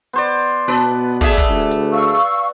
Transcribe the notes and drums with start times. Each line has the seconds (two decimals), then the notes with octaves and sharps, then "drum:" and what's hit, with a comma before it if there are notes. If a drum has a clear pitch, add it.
0.13 B3 C5 D5
0.68 B2 B3 B4
1.21 A3 G#4 D5 E5, drum: kick
1.38 drum: kick, hi-hat
1.50 D2
1.71 drum: hi-hat
1.92 F5 C#6 E6